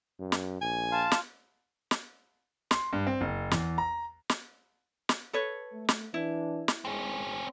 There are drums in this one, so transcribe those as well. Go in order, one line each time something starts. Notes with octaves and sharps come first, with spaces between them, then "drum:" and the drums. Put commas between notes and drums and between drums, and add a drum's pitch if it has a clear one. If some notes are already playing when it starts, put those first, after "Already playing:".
F#2
drum: snare
A#1 G#5
F4 F5 A5
drum: snare
drum: snare
C6, drum: snare
G2
C4
F#1
E2, drum: snare
A#5
drum: snare
drum: snare
A4 B4 C#5
A3
drum: snare
E3 D4 E4
drum: snare
G#1 G#3 C4 C#4